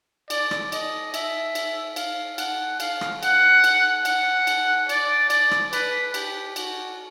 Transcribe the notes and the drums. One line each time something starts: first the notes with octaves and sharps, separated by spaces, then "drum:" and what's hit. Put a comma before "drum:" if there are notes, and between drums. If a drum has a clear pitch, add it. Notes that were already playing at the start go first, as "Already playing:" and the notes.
D5, drum: cymbal
drum: rim click
D#5, drum: cymbal
E5, drum: cymbal
drum: cymbal
F5, drum: cymbal
F#5, drum: cymbal
F5, drum: cymbal
drum: rim click
F#5, drum: cymbal
drum: cymbal
F#5, drum: cymbal
drum: cymbal
D5, drum: cymbal
D5, drum: cymbal
drum: rim click
B4, drum: cymbal
G4, drum: cymbal
F#4, drum: cymbal